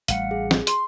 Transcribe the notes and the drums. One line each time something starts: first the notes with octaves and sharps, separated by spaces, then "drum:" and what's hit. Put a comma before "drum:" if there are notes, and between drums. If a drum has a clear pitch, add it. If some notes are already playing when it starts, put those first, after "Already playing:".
A1 G3 A3 F5 F#5 C#7, drum: hi-hat
G#4
drum: snare
C6, drum: hi-hat